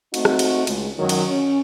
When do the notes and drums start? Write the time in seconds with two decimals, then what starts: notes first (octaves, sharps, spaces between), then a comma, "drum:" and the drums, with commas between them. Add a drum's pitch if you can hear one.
0.14 A3 C4 D#4 F#4, drum: cymbal
0.25 drum: rim click
0.39 drum: cymbal
0.67 C#2 G#3, drum: cymbal
0.99 F#2 D#3 F#3
1.09 drum: cymbal
1.30 C#4